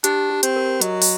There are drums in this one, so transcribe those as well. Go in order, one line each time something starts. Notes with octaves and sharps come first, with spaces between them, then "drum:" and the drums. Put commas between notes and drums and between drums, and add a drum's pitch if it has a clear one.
D4 G4, drum: hi-hat
G4
C4, drum: hi-hat
A#4
F#3 D#5, drum: hi-hat
drum: open hi-hat